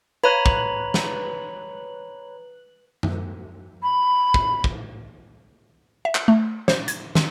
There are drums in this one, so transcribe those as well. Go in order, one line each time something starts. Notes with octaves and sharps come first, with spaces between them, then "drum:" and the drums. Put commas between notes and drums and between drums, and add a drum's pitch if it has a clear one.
B4 C#5 A#5 B5 F#6 F#7
drum: kick
drum: snare
drum: tom F#2
B5
drum: kick
drum: kick
E5
drum: clap
A3
C5, drum: snare
G#6, drum: hi-hat
D#3, drum: snare